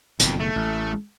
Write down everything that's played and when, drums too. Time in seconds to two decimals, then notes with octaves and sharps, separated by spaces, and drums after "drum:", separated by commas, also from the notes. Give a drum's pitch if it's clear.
0.20 F#1 F2 B2 D#3, drum: hi-hat
0.39 A3
0.56 A1